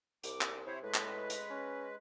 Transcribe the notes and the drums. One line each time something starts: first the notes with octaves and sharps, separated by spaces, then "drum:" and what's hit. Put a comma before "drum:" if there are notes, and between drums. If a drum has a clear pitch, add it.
C2 D6, drum: hi-hat
drum: clap
C3 E4 C5 C#5
A2 G#3 B4
drum: clap
drum: hi-hat
C#4